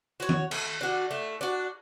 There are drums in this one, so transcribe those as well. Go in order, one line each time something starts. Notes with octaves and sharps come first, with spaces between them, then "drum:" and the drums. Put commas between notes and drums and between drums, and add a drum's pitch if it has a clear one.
F#4 C#5
drum: tom D#3
A3, drum: cymbal
D4 F#4
A3
D4 F#4